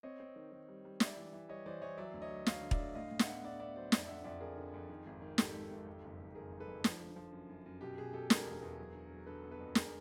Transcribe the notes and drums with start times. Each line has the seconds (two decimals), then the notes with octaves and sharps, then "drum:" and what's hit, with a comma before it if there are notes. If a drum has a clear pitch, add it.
0.03 C4 C#5 D#5
0.20 C4
0.36 D#3
0.52 D#3
0.68 G3
0.85 G3
1.00 G3 D5 E5, drum: snare
1.17 E3
1.33 E3
1.49 G3 C#5 D#5
1.66 E3 C5 D5
1.82 E3 C#5 D#5
1.98 F#3 D5 E5
2.14 D2
2.22 C#5 D#5
2.31 F#3
2.46 D2 D#5 F5, drum: snare
2.63 D3
2.71 D5 E5, drum: kick
2.79 D3
2.95 A2 D#5 F5
3.11 A2
3.19 E5 F#5, drum: snare
3.27 B3
3.44 B3 D5 E5
3.60 B3 D5 E5
3.76 F#3 C5 D5
3.92 F2 D5 E5, drum: snare
4.08 D3 E5 F#5
4.24 F2 D5 E5
4.40 D3 G#4 A#4
4.57 D3
4.74 F2
4.90 D#3
5.06 G#1
5.22 D#3
5.38 G#2 G4 A4, drum: snare
5.54 D#3
5.71 G#1
5.87 F2
6.04 F#1
6.19 F#1
6.35 F#1 G#4 A#4
6.52 F#1
6.60 A4 B4
6.68 F2
6.84 F3, drum: snare
7.01 D3
7.16 F3
7.32 F#2
7.49 F#2
7.66 F#2
7.81 B2 G4
7.98 B2 G#4
8.13 B2 G4 A4
8.30 B2 G#4 A#4, drum: snare
8.46 E1
8.62 E2
8.78 F#3
8.95 D3
9.10 F#3
9.27 D3 A4 B4
9.43 B3
9.51 A4 B4
9.60 F2
9.75 D3 G#4 A#4, drum: snare